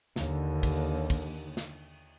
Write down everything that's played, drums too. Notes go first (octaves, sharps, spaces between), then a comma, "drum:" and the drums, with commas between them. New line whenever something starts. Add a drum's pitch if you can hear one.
D#2 D3, drum: snare
drum: kick, cymbal
drum: kick, cymbal
drum: snare